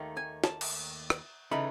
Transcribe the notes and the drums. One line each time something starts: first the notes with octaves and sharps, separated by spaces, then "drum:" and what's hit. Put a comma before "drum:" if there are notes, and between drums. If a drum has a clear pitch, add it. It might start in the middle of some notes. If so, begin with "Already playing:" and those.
Already playing: D#2 D#3 A3
G#5
A5, drum: snare
drum: cymbal
drum: rim click
C#3 E3 A3 D#4 B5